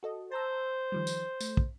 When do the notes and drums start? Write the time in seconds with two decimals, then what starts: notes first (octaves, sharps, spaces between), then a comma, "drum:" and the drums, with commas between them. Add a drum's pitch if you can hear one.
0.03 F#4 A4 D#5
0.32 C5 A5 A#5 E6
0.92 D#3 F3 G3
1.07 drum: tambourine
1.41 A3, drum: tambourine
1.57 drum: kick